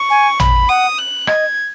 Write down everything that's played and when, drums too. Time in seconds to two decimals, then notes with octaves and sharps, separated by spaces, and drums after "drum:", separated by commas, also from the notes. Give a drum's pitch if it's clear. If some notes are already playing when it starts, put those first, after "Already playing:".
Already playing: C#6
0.10 G#5
0.40 B5, drum: tom A1
0.69 F#5 D#6
0.98 F#6
1.27 D#5 G#6, drum: rim click